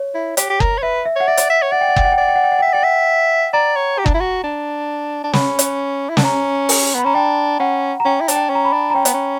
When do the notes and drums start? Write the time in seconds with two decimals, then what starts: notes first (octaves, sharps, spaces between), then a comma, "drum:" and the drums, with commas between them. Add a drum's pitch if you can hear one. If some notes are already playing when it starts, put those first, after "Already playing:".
Already playing: C#5
0.15 E4
0.37 G4, drum: hi-hat
0.50 G4
0.60 A#4, drum: kick F#1
0.78 C#5
0.82 B4 E5
1.05 E5
1.16 C#5 F#5
1.28 D5 E5
1.37 drum: hi-hat
1.50 E5
1.62 C#5
1.72 D5 F#5
1.81 G5
1.89 F#5
1.96 G5, drum: kick F#1
2.05 F#5
2.12 G5
2.18 D5 F#5
2.28 G5
2.36 F#5
2.44 G5
2.52 F#5
2.59 G5
2.62 E5
2.68 F#5
2.73 D5 G5
2.83 E5 F#5
3.53 D5 A#5
3.76 C#5
3.98 G4
4.06 D4, drum: kick F#1
4.14 E4
4.21 F#4
4.44 D4
5.24 D4
5.33 C#4 B5, drum: snare
5.59 drum: hi-hat
6.10 E4
6.17 D4, drum: snare
6.25 C#4 A#5
6.69 drum: open hi-hat
6.94 B3 B5
7.05 C#4 A#5
7.15 D4 G5
7.59 C#4 F#5
8.00 A#5
8.05 C#4 G5
8.21 E4
8.28 D4, drum: hi-hat
8.36 G5
8.50 C#4
8.55 A#5
8.65 B5
8.73 D4
8.90 A#5
8.95 C#4 G5
9.05 B3, drum: hi-hat
9.14 C#4